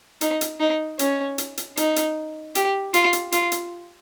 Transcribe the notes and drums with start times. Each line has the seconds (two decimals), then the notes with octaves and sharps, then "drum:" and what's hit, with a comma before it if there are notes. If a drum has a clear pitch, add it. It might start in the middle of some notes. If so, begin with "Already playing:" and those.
0.21 D#4, drum: hi-hat
0.41 drum: hi-hat
0.60 D#4
0.99 C#4, drum: hi-hat
1.38 drum: hi-hat
1.57 drum: hi-hat
1.77 D#4, drum: hi-hat
1.96 drum: hi-hat
2.55 G4, drum: hi-hat
2.94 F4, drum: hi-hat
3.13 drum: hi-hat
3.32 F4, drum: hi-hat
3.52 drum: hi-hat